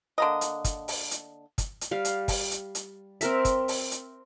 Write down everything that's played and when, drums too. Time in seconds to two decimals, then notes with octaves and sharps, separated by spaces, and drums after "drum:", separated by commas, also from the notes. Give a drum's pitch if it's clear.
0.18 D3 A#3 D#5
0.41 drum: hi-hat
0.65 drum: kick, hi-hat
0.88 drum: open hi-hat
1.11 drum: hi-hat
1.58 drum: kick, hi-hat
1.81 drum: hi-hat
1.91 G3 F5
2.05 drum: hi-hat
2.28 drum: kick, open hi-hat
2.51 drum: hi-hat
2.75 drum: hi-hat
3.21 C4 A#4 E5, drum: hi-hat
3.45 drum: kick, hi-hat
3.68 drum: open hi-hat
3.91 drum: hi-hat